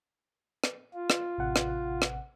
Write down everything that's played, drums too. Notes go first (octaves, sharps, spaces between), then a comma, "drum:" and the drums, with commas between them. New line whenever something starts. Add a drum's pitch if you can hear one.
drum: rim click
F4
drum: rim click
A1 C3 F#5
drum: rim click
drum: rim click